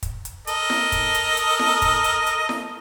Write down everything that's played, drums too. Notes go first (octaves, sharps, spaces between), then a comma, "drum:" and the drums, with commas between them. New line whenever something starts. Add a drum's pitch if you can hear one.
drum: kick, hi-hat
drum: hi-hat
A4 A#4 D#5, drum: hi-hat
drum: snare E4
drum: kick, hi-hat
drum: hi-hat
drum: hi-hat
drum: snare E4
drum: kick, hi-hat
drum: hi-hat
drum: hi-hat
drum: snare E4